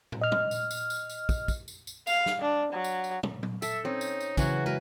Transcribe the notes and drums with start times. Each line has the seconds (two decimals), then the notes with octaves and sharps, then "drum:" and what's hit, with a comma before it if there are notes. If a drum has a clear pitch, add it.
0.12 drum: tom
0.21 D#5 F6
0.32 drum: tom
0.51 drum: tambourine
0.71 drum: tambourine
0.90 drum: tambourine
1.09 drum: tambourine
1.29 drum: kick, tambourine
1.48 drum: kick, tambourine
1.68 drum: tambourine
1.87 drum: tambourine
2.07 F5, drum: tambourine
2.26 drum: snare
2.42 D4
2.73 F#3
2.84 drum: tambourine
3.04 drum: tambourine
3.23 drum: tom
3.43 drum: tom F#3
3.62 A4 E5, drum: tambourine
3.85 C4 C#4 D#4
4.01 drum: tambourine
4.20 drum: tambourine
4.37 C#3 E3 F#3 F#4, drum: kick, tambourine
4.66 G#3 F#4 A#4 B4